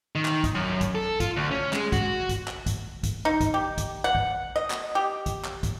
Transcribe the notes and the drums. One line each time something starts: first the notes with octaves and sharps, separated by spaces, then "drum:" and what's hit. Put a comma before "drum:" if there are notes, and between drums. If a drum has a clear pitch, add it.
D#3
drum: clap
drum: kick, hi-hat
F#2
drum: kick, hi-hat
A4
F4, drum: kick, hi-hat
D2
C#4
G#3, drum: clap
F#4, drum: kick, hi-hat
drum: kick, hi-hat
drum: clap
drum: kick, hi-hat
drum: kick, hi-hat
D#4
drum: kick, hi-hat
G4
drum: kick, hi-hat
F#5
drum: kick
D#5
drum: clap
G4
drum: kick, hi-hat
drum: clap
drum: kick, hi-hat